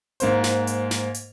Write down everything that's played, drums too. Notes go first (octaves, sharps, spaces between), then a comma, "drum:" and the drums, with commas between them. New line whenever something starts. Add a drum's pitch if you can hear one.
G#2 A#3 C5, drum: hi-hat
drum: snare
drum: hi-hat
drum: snare
drum: hi-hat